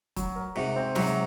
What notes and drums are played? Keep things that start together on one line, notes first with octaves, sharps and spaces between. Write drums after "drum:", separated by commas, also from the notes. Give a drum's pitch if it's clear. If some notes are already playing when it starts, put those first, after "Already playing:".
F#3, drum: kick, hi-hat
A#4
G#2 C3 F#4
C4
G#2 C3 F#3, drum: snare